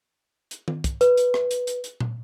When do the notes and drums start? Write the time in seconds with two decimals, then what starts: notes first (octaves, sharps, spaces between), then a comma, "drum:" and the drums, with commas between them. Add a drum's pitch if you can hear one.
0.51 drum: hi-hat
0.68 drum: tom D#3
0.84 drum: kick, hi-hat
1.01 B4, drum: hi-hat
1.17 drum: hi-hat
1.34 drum: rim click
1.51 drum: hi-hat
1.67 drum: hi-hat
1.84 drum: hi-hat
2.00 drum: tom A#2